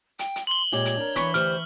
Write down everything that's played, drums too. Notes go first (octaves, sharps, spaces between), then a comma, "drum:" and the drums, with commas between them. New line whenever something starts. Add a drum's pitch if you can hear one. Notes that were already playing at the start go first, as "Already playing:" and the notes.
G5, drum: hi-hat
drum: hi-hat
C6 F#7 G7
A#2 G#3 G4 C#5
drum: hi-hat
D4 A#4
E3 B5 C#6, drum: hi-hat
D2 G4 C5 F6, drum: hi-hat